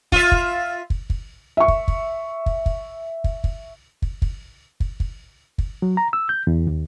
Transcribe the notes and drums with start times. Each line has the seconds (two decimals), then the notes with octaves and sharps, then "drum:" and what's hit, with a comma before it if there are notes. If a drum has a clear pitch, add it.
0.12 F4 E5, drum: kick
0.32 drum: kick
0.90 drum: kick
1.10 drum: kick
1.57 E5 C#6
1.68 drum: kick
1.88 drum: kick
2.46 drum: kick
2.66 drum: kick
3.24 drum: kick
3.44 drum: kick
4.02 drum: kick
4.22 drum: kick
4.80 drum: kick
5.00 drum: kick
5.58 drum: kick
5.82 F#3
5.97 A#5
6.13 E6
6.29 G6
6.47 E2
6.67 D#2